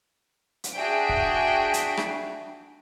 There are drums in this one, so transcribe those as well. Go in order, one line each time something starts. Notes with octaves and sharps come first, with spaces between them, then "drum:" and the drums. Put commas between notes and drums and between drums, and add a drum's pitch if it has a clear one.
drum: hi-hat
D4 F#4 G#4 E5 G5 D7
drum: kick
drum: hi-hat
drum: rim click